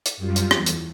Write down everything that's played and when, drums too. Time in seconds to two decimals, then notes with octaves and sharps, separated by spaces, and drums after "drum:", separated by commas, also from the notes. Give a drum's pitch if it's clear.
0.05 drum: hi-hat
0.17 F#2 G3 F4
0.36 drum: hi-hat
0.51 E2, drum: rim click
0.66 drum: hi-hat